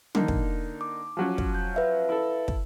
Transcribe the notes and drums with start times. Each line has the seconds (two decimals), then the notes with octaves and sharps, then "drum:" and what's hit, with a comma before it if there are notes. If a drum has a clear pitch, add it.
0.15 D3 A#3 D#4, drum: tom
0.28 drum: kick
0.81 D6
1.17 F3 F#3 C#4
1.38 drum: kick
1.55 G6
1.75 B4 E5 F5
2.09 E4 A4
2.48 drum: kick